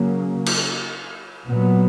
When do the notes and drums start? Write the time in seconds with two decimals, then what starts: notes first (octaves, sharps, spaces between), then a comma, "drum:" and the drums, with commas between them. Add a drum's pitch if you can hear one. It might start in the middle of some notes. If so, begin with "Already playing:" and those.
Already playing: C#3 F#3 A#3 C#4
0.46 drum: cymbal
1.46 A#2 F#3 B3